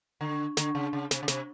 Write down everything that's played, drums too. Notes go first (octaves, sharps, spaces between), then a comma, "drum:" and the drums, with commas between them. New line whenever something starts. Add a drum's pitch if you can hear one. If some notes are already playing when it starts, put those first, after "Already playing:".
D3
D3, drum: snare
C#3
C#3
C3, drum: snare
C#3
C3, drum: snare